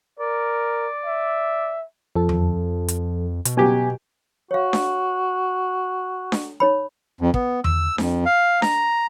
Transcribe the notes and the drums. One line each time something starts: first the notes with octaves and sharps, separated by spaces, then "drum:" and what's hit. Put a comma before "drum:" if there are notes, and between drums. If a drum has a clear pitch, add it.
A#4 D5
E5
F2 F3 A4
drum: tom E2
drum: hi-hat
B2, drum: hi-hat
F#3 B3 G4 G#5
F#4 C#5 F5
drum: snare D4
drum: snare D4
D#4 C#5 B5
F2
B3, drum: kick
E6, drum: tom E2
F2, drum: snare D4
F5
A#5, drum: snare D4